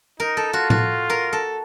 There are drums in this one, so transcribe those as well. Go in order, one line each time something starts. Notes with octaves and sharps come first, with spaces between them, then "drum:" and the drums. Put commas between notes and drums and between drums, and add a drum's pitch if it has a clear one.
D#4 A#4
A4
F4 F#4
F#4, drum: tom A2
A#4
A4